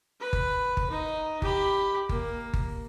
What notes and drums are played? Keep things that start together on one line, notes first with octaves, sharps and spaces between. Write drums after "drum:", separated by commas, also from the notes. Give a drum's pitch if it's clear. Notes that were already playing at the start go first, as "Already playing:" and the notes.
B4 B5
drum: kick G1
drum: kick G1
D#4
G4 B5, drum: kick G1
A#3, drum: kick G1
drum: kick G1